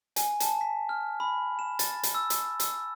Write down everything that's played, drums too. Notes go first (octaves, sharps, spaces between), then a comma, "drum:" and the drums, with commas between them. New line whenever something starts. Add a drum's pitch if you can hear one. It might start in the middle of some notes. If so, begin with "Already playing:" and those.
G#5, drum: hi-hat
A5, drum: hi-hat
B6
F6
B5
E7
A6, drum: hi-hat
drum: hi-hat
E6
drum: hi-hat
E6, drum: hi-hat